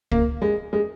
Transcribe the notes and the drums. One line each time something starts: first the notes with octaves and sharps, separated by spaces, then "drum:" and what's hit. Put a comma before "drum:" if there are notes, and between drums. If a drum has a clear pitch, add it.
A#3, drum: kick
G#3
G#3